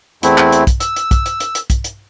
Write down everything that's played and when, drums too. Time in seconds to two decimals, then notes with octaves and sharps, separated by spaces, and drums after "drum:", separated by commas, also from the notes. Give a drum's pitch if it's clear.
0.23 E2 A3 C4 E4, drum: hi-hat
0.38 drum: clap
0.52 drum: hi-hat
0.67 drum: kick, hi-hat
0.80 E6, drum: hi-hat
0.96 drum: hi-hat
1.11 drum: kick, hi-hat
1.26 drum: hi-hat
1.40 drum: hi-hat
1.55 drum: hi-hat
1.70 drum: kick, hi-hat
1.84 drum: hi-hat